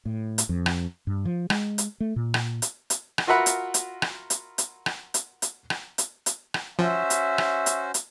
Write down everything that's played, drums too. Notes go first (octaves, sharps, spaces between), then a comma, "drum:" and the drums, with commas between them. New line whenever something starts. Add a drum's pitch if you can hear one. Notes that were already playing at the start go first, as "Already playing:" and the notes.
A2
drum: hi-hat
F2
drum: rim click
G2
F3
G#3, drum: rim click
drum: hi-hat
A3
A#2
drum: rim click
drum: hi-hat
drum: hi-hat
drum: rim click
F4 F#4 A#4 E5 F#5 B5
drum: hi-hat
drum: hi-hat
drum: rim click
drum: hi-hat
drum: hi-hat
drum: rim click
drum: hi-hat
drum: hi-hat
drum: rim click
drum: hi-hat
drum: hi-hat
drum: rim click
F3 C#4 F#4 C5 E5
drum: hi-hat
drum: rim click
drum: hi-hat
drum: hi-hat